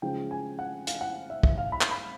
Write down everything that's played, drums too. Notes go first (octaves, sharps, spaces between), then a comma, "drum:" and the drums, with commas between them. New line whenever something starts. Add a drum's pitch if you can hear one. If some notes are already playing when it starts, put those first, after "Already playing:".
C#3 F3 G#3 G5
G#5
F#5
F5, drum: hi-hat
F#5
E5
E5, drum: kick
F5
B5
drum: clap
B5